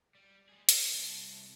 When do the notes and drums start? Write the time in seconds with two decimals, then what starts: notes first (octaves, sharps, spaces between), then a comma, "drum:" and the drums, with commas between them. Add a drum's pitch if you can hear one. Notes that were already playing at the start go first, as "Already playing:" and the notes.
0.15 G3
0.49 G3 G#4
0.69 A#3, drum: hi-hat
0.94 C2 A5